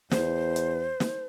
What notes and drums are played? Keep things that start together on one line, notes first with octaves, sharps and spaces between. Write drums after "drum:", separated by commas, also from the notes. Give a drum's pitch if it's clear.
E2 C5, drum: snare
drum: hi-hat
drum: snare